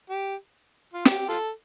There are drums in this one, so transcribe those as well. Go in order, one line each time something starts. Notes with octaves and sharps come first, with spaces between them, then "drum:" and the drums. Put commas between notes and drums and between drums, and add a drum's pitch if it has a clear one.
G4
F4
G4, drum: snare
F4 A4